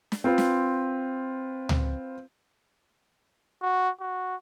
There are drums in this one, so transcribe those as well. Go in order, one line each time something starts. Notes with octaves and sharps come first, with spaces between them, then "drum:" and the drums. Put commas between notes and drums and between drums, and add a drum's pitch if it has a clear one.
drum: snare
C4 F4 B4
drum: snare
drum: tom C#2
F#4
F#4